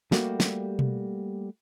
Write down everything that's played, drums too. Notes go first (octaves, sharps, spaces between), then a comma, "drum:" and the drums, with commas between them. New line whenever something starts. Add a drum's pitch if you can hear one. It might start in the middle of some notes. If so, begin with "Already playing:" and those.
G3 A3 A#3 F#4 G4, drum: snare
drum: snare
drum: tom B2